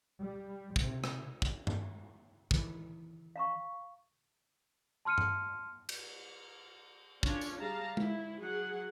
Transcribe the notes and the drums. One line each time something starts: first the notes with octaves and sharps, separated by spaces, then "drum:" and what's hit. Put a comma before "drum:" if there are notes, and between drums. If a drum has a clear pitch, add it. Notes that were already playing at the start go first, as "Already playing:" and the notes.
G3
C3, drum: kick
drum: rim click
drum: kick
drum: tom
D#3 E3, drum: kick
F5 A#5 C#6
A5 C6 F6 C#7 D#7
drum: tom G2
drum: cymbal
C#4 D4 F4 C#5, drum: kick
drum: tambourine
G3 G#4 F5 A5 A#5
E4, drum: tom G#3
F#3 G#4 F#5